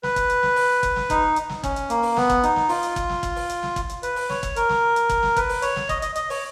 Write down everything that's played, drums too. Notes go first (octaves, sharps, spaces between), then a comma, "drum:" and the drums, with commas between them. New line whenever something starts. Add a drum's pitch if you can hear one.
B4, drum: snare
drum: kick, hi-hat
drum: hi-hat
drum: snare
drum: open hi-hat
drum: kick, hi-hat
drum: snare
D#4, drum: kick, hi-hat
drum: hi-hat
drum: snare
C#4, drum: kick, hi-hat
drum: hi-hat
A#3, drum: hi-hat
drum: open hi-hat
B3, drum: snare
drum: kick, hi-hat
D#4, drum: hi-hat
drum: snare
F4, drum: open hi-hat
drum: hi-hat
drum: kick, hi-hat
drum: snare
drum: kick, hi-hat
drum: open hi-hat
drum: hi-hat
drum: snare
drum: kick, hi-hat
drum: hi-hat
B4, drum: hi-hat
drum: open hi-hat
C#5, drum: snare
drum: kick, hi-hat
A#4, drum: hi-hat
drum: snare
drum: hi-hat
drum: kick, hi-hat
drum: snare
B4, drum: kick, hi-hat
drum: open hi-hat
C#5, drum: hi-hat
drum: snare
D#5, drum: kick, hi-hat
D#5, drum: hi-hat
D#5, drum: hi-hat
C#5, drum: open hi-hat